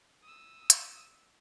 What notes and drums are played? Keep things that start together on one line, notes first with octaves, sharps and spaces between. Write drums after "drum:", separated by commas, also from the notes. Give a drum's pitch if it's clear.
D#6 E6
drum: hi-hat